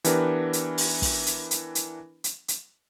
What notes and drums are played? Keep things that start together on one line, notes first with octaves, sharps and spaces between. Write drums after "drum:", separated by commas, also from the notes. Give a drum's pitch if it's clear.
E3 B3 D4 G4 A#4 B4, drum: hi-hat
drum: hi-hat
drum: open hi-hat
drum: kick, open hi-hat
drum: hi-hat
drum: hi-hat
drum: hi-hat
drum: hi-hat
drum: hi-hat